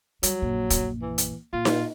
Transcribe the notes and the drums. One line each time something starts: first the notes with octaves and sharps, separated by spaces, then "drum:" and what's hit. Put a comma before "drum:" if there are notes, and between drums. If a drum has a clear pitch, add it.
F#3 G3, drum: hi-hat
A#1 F#2
drum: kick, hi-hat
E3
drum: hi-hat
A#2 F4
drum: snare D#4